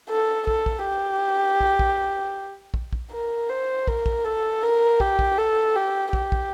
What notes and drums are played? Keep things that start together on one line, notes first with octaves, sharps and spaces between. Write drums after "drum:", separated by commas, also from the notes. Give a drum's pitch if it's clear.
A4
A4, drum: kick
drum: kick
G4
drum: kick
drum: kick
drum: kick
drum: kick
A#4
C5
A#4, drum: kick
drum: kick
A4
A#4
G4, drum: kick
drum: kick
A4
G4
G4, drum: kick
drum: kick